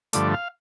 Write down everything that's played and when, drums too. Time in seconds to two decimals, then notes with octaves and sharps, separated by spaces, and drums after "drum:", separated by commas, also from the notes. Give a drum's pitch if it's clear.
0.13 G2 D3 F3 A3 D5, drum: hi-hat
0.34 F5